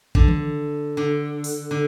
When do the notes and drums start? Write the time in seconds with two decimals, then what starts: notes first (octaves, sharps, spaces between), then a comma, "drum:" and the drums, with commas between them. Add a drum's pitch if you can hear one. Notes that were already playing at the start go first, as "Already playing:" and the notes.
0.15 D3, drum: kick A1
0.28 drum: tom D#3
0.97 D3
1.44 drum: open hi-hat
1.71 D3